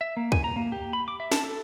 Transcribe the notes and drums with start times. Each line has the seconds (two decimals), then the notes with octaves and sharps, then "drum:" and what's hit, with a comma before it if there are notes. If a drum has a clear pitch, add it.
0.01 E5
0.17 A#3
0.32 G#5, drum: kick
0.44 A#5
0.56 A#3
0.72 G4
0.93 B5
1.08 D6
1.20 E5
1.32 A5, drum: snare
1.44 A4